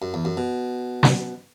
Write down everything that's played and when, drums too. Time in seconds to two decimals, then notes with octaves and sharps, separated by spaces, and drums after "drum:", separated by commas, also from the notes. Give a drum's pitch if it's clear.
0.02 F#2
0.14 E2
0.25 F#2
0.37 B2
1.03 drum: snare